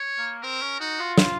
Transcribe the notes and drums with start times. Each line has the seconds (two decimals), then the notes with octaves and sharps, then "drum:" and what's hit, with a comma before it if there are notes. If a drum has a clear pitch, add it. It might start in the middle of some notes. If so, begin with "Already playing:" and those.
Already playing: C#5
0.18 A#3
0.42 C4 A#4
0.62 C#4
0.80 D#4 F#4
0.99 F4
1.18 drum: snare